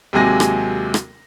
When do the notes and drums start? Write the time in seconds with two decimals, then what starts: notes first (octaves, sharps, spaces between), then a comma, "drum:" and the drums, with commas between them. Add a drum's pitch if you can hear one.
0.13 D#2 C3 F#3 G#3 G#5 A#6
0.40 drum: rim click
0.94 drum: rim click